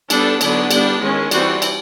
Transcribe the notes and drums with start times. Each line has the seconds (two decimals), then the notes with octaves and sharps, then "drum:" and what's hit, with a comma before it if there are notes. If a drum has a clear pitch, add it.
0.10 G3 B3 D4 A4, drum: cymbal
0.41 D3 F#3 B3 D4, drum: cymbal
0.71 G3 B3 D4, drum: cymbal
1.01 D#3 G#3 C#4
1.31 E3 G3 C4 F#4, drum: cymbal
1.62 drum: cymbal